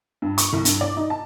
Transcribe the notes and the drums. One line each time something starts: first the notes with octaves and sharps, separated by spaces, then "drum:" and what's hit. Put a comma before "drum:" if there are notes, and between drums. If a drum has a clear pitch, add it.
G2
C#6, drum: hi-hat
C2
G2, drum: hi-hat
D5
D#4
A5